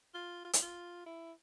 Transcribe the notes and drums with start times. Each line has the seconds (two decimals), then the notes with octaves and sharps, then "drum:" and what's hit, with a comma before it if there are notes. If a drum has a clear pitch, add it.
0.14 F4
0.45 F4
0.53 E4, drum: hi-hat
0.62 F4
1.06 E4